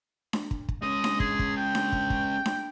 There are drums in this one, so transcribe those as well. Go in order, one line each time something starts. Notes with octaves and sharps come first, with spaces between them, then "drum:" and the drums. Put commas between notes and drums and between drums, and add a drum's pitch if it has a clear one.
drum: snare D4
drum: kick
drum: kick
G#3 C#4 D#5
drum: snare D4
G#4, drum: kick
drum: kick
G5
drum: snare D4
drum: kick
drum: kick
drum: snare D4